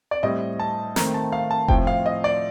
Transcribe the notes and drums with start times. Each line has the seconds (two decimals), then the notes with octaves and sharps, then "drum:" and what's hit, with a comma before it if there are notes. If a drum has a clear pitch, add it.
0.11 D5
0.23 A2 G3 C4 D#5
0.59 A5
0.96 D#3 A3 C4 A#5, drum: snare
1.14 A5
1.32 F5
1.51 A5
1.68 A2 F3 C4 G5, drum: kick F1
1.87 F5
2.06 D#5
2.24 D5